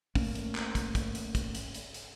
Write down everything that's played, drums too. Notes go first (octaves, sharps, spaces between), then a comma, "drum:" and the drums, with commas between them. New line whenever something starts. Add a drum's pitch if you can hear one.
A3 A#3 C#4, drum: kick, open hi-hat
drum: hi-hat
drum: clap
drum: kick, hi-hat
drum: kick, hi-hat
drum: hi-hat
drum: kick, hi-hat
drum: hi-hat
drum: hi-hat
drum: hi-hat